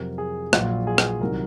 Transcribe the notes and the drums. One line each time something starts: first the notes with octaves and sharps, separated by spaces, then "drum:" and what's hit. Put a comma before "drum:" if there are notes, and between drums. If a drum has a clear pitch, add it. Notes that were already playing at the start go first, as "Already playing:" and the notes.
Already playing: F2 C3 F#3 A#4
G#4
A#1 A#2 F#3 F4, drum: rim click
G#4
drum: rim click
C2 C3 D#3 F#3 A#4